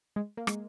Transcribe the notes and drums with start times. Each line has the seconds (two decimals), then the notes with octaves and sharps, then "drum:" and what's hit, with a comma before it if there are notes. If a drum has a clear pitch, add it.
0.16 G#3
0.37 A#3
0.47 G#3, drum: rim click